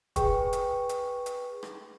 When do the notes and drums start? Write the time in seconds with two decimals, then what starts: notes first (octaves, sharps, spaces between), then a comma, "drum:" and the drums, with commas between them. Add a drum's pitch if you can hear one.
0.16 G#4 B4 G5 C#6, drum: kick, hi-hat
0.53 drum: hi-hat
0.89 drum: hi-hat
1.26 drum: hi-hat
1.63 drum: rim click